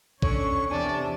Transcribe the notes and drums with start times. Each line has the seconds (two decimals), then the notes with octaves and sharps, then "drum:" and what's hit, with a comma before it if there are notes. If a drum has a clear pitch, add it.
0.22 C#4 D4 A4 C#5 C#6, drum: kick A#1
0.71 E2 C3 D4 D5 G#5